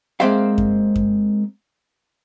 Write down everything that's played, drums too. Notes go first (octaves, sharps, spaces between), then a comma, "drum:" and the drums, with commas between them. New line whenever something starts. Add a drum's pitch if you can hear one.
G#3 A#3 C4 C5 E5 F5
drum: kick F#2
drum: kick F#2